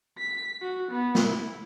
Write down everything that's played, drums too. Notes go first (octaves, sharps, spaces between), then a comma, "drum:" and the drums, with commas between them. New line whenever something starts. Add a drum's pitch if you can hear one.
B6
F#4
B3
drum: snare
E4